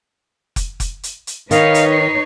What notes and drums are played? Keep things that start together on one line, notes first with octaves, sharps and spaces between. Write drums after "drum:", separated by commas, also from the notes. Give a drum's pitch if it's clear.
drum: kick F1, hi-hat
drum: kick F1, hi-hat
drum: hi-hat
drum: hi-hat
D#3 D#4 B4 C#5 F5, drum: hi-hat
drum: hi-hat
C7